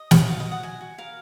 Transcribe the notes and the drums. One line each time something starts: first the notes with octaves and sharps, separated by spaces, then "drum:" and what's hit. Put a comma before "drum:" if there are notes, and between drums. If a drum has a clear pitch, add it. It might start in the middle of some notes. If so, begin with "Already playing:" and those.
Already playing: D#5
F#4, drum: snare
F#4 F5
D#5
F#4
F#5
F#4 G#5
F#4
A#4 F5